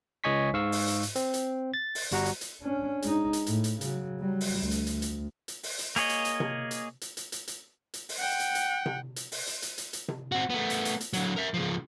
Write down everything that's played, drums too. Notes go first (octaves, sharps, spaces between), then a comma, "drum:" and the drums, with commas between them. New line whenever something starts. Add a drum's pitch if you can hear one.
C#2 C#5 D#5 G#5 C#6 B6
G#2 F5 C#6 E6
drum: open hi-hat
drum: hi-hat
drum: hi-hat
C4, drum: hi-hat
drum: hi-hat
A6
drum: open hi-hat
G1 G3 F#4 F#5 A#5, drum: hi-hat
drum: hi-hat
drum: hi-hat
C#4 D4
G#3 D#4, drum: hi-hat
drum: hi-hat
A2, drum: hi-hat
drum: hi-hat
C#3 F#3, drum: hi-hat
F#3 G3
drum: open hi-hat
D2
drum: hi-hat
drum: hi-hat
drum: hi-hat
drum: hi-hat
drum: open hi-hat
drum: hi-hat
A#3 G#4 C#5 D#5, drum: hi-hat
drum: hi-hat
drum: hi-hat
drum: tom C3
drum: hi-hat
drum: hi-hat
drum: hi-hat
drum: hi-hat
drum: hi-hat
drum: hi-hat
drum: open hi-hat
F#5 G5
drum: hi-hat
drum: hi-hat
drum: tom C3
drum: hi-hat
drum: open hi-hat
drum: hi-hat
drum: hi-hat
drum: hi-hat
drum: hi-hat
drum: tom C3
C4 F#4
A3 B3
drum: hi-hat
drum: hi-hat
drum: hi-hat
D3 F#3, drum: hi-hat
A#4 E5
C#2 F3